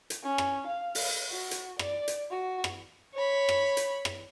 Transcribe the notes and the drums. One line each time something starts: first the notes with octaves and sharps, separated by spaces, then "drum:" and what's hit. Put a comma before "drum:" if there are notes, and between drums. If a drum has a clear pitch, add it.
drum: hi-hat
C#4
drum: rim click
F5
drum: open hi-hat
F#4
drum: hi-hat
D5, drum: rim click
drum: hi-hat
F#4
drum: rim click
C#5 B5
drum: rim click
drum: hi-hat
drum: rim click